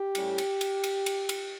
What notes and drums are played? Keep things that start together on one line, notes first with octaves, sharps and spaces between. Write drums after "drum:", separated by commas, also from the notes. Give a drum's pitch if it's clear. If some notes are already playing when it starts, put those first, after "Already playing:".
Already playing: G4
A2 G3 C#4 E4, drum: cymbal
drum: cymbal
drum: cymbal
drum: cymbal
drum: cymbal
drum: cymbal